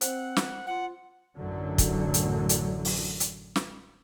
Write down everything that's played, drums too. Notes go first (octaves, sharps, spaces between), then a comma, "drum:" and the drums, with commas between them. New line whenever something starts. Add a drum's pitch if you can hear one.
C4 C5 F#5, drum: hi-hat
drum: snare
F4 F#5
A1 F#2 D3 F#3
drum: kick, hi-hat
drum: hi-hat
drum: hi-hat
drum: open hi-hat
drum: hi-hat
drum: snare